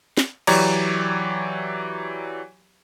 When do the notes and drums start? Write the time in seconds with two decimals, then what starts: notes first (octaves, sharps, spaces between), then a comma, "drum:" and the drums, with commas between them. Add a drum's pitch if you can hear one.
0.17 drum: snare
0.47 E3 F#3 G4 C#5 D5 A#5, drum: cymbal